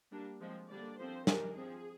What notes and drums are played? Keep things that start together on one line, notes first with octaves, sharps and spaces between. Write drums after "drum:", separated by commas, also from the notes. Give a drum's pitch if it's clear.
G3 A#3 D4
F3 G#3 C4
D3 G3 A#3 D4 D5
D3 F3 C4 C5
D#3 G3 D4 A#4, drum: snare
F3 C4 G#4